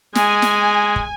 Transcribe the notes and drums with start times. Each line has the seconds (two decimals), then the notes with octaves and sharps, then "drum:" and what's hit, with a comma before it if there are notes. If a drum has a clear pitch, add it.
0.15 G#3 G#5, drum: snare
0.42 drum: snare
0.96 drum: kick